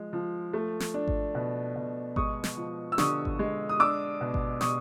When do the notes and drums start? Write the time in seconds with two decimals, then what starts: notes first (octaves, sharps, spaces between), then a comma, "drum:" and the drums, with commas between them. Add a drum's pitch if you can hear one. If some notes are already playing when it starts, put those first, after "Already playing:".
Already playing: F3 G#3
0.13 F3
0.53 A3
0.80 drum: snare
0.94 D4
1.08 drum: kick G#1
1.35 B2
1.76 B2
2.16 G#3 C#6 D#6, drum: kick G#1
2.44 drum: snare
2.57 F3
2.92 E6
2.98 D3 C#6 D#6, drum: snare
3.25 drum: kick G#1
3.39 G#3
3.69 D#6
3.79 D4 D6 E6
4.21 B2
4.34 drum: kick G#1
4.61 B2 C#6 D#6, drum: snare